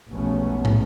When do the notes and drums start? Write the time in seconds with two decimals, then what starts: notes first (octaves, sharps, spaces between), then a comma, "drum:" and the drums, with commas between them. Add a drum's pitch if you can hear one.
0.10 F1 B1 G#3 A3 B3 C#4
0.65 drum: tom